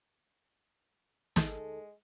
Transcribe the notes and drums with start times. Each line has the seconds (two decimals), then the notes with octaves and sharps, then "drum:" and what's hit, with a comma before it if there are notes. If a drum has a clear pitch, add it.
1.36 D2 G#3 D#4 A4, drum: snare